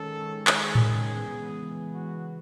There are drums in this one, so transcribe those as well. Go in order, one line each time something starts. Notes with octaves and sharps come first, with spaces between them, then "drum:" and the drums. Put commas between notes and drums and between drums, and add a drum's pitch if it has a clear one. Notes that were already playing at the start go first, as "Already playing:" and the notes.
Already playing: D#3 G#3 C#4 A4
G#4, drum: clap
drum: tom A2
C#3 E3 G#3 B3
F#4